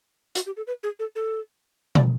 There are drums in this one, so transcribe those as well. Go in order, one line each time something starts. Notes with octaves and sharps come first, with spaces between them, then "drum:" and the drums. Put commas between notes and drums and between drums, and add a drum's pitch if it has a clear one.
F#4, drum: hi-hat
G4
A4
B4
G#4
A4
A4
D5, drum: tom